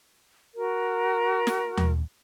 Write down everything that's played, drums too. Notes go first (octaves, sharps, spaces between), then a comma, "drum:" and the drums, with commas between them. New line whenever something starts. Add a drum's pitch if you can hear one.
F#4 A#4
drum: snare
drum: tom D#2